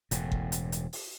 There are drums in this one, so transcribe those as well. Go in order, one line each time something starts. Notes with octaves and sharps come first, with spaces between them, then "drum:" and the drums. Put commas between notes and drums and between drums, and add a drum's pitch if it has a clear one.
E1 A2, drum: hi-hat
drum: kick G1
drum: hi-hat
drum: hi-hat
drum: open hi-hat